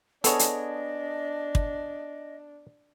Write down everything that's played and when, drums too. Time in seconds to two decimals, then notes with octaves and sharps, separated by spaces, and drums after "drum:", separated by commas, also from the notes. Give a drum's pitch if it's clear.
0.24 B3 D4 G#4 A4 C#5 D#5, drum: hi-hat
0.39 drum: hi-hat
1.55 drum: kick